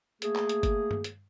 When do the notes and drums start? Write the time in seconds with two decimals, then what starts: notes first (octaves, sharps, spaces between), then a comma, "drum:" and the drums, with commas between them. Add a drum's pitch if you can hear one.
0.22 A3 A#3 G#4, drum: hi-hat
0.36 drum: clap
0.49 drum: hi-hat
0.63 drum: kick, hi-hat
0.91 drum: tom G2
1.04 drum: hi-hat